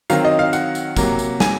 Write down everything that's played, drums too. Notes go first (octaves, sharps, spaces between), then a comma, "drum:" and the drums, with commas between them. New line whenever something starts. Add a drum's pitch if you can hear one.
D#3 F#3 C4 F5, drum: tambourine
D#5
F5
F#5, drum: tambourine
drum: tambourine
C3 F#3 A#3, drum: kick, tambourine
drum: tambourine
G#5, drum: snare